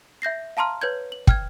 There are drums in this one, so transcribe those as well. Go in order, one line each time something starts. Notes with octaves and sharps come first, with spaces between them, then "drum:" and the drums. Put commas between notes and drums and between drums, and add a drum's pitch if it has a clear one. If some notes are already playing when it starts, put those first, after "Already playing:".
E5 G6 A#6 C7
F5 A5 A#5 C6 F6
B4 C#5 G6 G#6
F#7
G5 F6 G#6, drum: kick